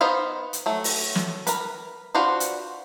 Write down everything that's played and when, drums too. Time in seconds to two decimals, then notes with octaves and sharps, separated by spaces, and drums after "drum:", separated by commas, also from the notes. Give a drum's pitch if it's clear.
0.01 B3 D#4 B4 C5 F5
0.53 drum: hi-hat
0.66 F#3 A3
0.84 drum: open hi-hat
1.15 drum: snare
1.47 A#4 B4, drum: hi-hat
2.15 D4 F4 F#4 B4 C5
2.40 drum: hi-hat